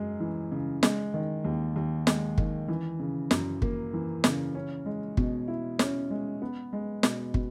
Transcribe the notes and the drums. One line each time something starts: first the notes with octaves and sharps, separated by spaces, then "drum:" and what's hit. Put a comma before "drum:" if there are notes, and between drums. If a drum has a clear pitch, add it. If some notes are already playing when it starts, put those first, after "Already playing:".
Already playing: F#2 C#3 G#3
E3
C#3
G#3, drum: snare
D#3
D#2
D#2
G#3, drum: snare
D#3, drum: kick
E3
C#3
F#2, drum: snare
A#3, drum: kick
E3
C#3, drum: snare
C#4
G#3
B2, drum: kick
E4
C#4, drum: snare
G#3
B3
G#3
B2, drum: snare
B2, drum: kick